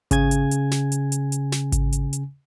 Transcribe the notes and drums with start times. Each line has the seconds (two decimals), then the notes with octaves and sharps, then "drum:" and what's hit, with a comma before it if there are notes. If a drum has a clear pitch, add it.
0.11 C#3 G#5 G#6, drum: kick G#1, hi-hat
0.31 drum: hi-hat
0.51 drum: hi-hat
0.71 drum: snare
0.92 drum: hi-hat
1.12 drum: hi-hat
1.32 drum: hi-hat
1.52 drum: snare
1.72 drum: kick G#1, hi-hat
1.93 drum: hi-hat
2.13 drum: hi-hat